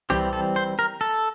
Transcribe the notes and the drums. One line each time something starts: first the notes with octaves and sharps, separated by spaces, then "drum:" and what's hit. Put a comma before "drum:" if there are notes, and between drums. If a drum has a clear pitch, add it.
E3 G3 C4 G4, drum: tom C2
A4
C5
A#4
A4